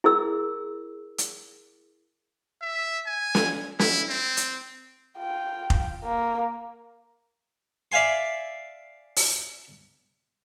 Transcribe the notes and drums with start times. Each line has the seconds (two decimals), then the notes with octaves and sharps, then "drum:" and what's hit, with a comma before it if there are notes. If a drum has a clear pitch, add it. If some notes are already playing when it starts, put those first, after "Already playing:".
0.04 E4 G#4 A#4 E6
1.18 drum: hi-hat
2.62 E5
3.06 G#5
3.35 drum: snare
3.79 E4, drum: snare
4.09 C4
4.37 drum: hi-hat
5.18 F4 G5
5.70 drum: kick F1
6.04 A#3
7.92 D5 E5 F5 G#5 C6
9.16 drum: open hi-hat